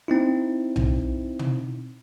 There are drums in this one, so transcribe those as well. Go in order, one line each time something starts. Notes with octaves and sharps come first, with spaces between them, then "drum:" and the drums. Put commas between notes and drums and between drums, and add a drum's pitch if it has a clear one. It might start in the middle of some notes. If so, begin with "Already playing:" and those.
C4 D#4 E4
drum: tom B1
drum: tom